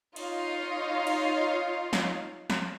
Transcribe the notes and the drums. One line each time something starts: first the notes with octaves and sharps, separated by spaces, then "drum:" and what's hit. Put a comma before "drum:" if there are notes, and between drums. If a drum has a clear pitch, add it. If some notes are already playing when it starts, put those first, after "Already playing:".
D#4 F4 C#5 D#5 F5, drum: cymbal
drum: cymbal
drum: snare
drum: snare